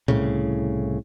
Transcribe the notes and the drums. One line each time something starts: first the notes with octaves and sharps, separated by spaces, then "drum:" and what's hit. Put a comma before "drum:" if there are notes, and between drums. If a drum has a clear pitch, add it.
C2 A2 C#3, drum: tom A#2